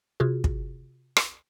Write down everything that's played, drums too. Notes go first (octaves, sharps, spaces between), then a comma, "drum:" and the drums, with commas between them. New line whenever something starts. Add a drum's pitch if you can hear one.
C3 F4 F#4 G#4
drum: kick
drum: rim click